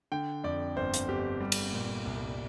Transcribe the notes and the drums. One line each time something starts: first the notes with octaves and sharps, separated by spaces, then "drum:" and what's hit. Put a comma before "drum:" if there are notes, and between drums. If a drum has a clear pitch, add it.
D3 G5
F2 D5
G1 C5
drum: hi-hat
G1 G4
G3
drum: cymbal
A#2
C2